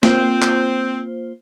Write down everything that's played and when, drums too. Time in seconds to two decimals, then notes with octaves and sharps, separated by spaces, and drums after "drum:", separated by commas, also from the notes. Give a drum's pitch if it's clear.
0.03 A#3 C4 F4 C5, drum: snare
0.42 drum: clap